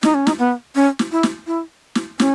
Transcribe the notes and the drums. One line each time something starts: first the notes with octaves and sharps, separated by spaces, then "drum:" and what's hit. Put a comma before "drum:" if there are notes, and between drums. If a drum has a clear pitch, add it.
D#4, drum: snare
C#4
D#4, drum: snare
B3
C#4
drum: snare
E4
drum: snare
E4
drum: snare
C#4, drum: snare